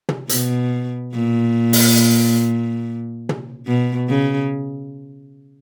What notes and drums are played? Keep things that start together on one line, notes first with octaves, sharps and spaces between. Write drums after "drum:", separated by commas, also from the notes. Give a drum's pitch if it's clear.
drum: tom
B2, drum: hi-hat
A#2
drum: open hi-hat
drum: tom
B2
C#3